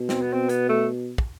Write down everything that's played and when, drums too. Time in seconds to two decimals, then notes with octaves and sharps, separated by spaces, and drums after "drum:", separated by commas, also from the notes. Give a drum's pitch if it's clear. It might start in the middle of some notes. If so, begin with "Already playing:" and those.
Already playing: B2
0.09 C4, drum: snare
0.21 B3
0.33 C4
0.49 B3, drum: hi-hat
0.69 A3
1.18 drum: kick